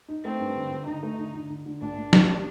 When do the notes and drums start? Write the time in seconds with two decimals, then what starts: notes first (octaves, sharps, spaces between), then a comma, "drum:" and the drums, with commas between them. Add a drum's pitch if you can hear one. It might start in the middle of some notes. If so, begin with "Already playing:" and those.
0.08 D#4
0.24 A3 C4
0.40 G2
0.56 D3
0.71 D3
0.87 D3 D#4
1.03 A3
1.18 D3
1.35 D3
1.50 D3
1.66 D3
1.82 A#1 D4
1.97 A#1
2.13 A#1, drum: snare
2.29 G3